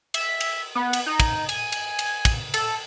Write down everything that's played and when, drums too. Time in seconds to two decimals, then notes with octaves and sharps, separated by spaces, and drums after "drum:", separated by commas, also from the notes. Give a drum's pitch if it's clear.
0.14 E5, drum: cymbal
0.41 drum: cymbal
0.75 B3
0.93 drum: cymbal
1.06 D#4
1.20 drum: kick, cymbal
1.49 G#5, drum: cymbal
1.72 drum: cymbal
1.99 drum: cymbal
2.25 drum: kick, cymbal
2.54 A4, drum: cymbal